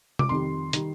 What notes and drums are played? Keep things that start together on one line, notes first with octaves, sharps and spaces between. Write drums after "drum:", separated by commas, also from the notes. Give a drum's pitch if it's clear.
D6, drum: tom C3
F2 D#3 G3 C6
D#3 G3, drum: hi-hat